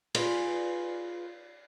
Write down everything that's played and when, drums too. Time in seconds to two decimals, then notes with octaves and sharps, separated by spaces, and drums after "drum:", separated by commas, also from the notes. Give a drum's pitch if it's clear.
0.15 F4 G#4 B4 D5, drum: cymbal